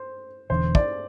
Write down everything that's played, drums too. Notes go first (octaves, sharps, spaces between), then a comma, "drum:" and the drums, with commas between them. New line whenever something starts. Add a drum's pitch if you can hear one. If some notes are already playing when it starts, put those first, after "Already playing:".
Already playing: C5
E1 E2 D3 C5
D5, drum: kick